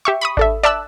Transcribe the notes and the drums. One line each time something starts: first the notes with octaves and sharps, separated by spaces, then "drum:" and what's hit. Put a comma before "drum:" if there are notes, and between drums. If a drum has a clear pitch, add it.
G4 E5 C#6
B5 C#6 D#6
D4 A4 E5, drum: kick G#1
D5 E5 A5 E6 F#6